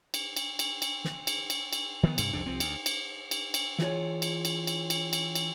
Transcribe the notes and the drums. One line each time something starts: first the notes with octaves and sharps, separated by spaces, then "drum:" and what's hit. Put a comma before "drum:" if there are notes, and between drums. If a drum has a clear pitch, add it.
drum: cymbal
drum: cymbal
drum: cymbal
drum: cymbal
drum: snare
drum: cymbal
drum: cymbal
drum: cymbal
D#3 F3 A#3 B3
G2 C3, drum: cymbal
C2 F2 C3 D4
C2 F3 C4
D2, drum: cymbal
drum: cymbal
drum: cymbal
drum: cymbal
E3 F4 G#4 C#5, drum: snare
drum: cymbal
drum: cymbal
drum: cymbal
drum: cymbal
drum: cymbal
drum: cymbal